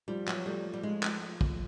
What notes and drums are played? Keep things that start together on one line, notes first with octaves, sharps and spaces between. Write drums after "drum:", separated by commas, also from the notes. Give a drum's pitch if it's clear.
F3 G3
F#3, drum: clap
G3 A3
G3
F3 G#3
drum: clap
drum: kick